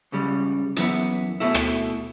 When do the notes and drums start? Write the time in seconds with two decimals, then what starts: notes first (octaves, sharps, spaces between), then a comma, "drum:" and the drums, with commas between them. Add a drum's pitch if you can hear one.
0.12 C#2 C#3 G3
0.76 F#2 E3 B3, drum: hi-hat
1.40 B2 A3 E4
1.54 drum: rim click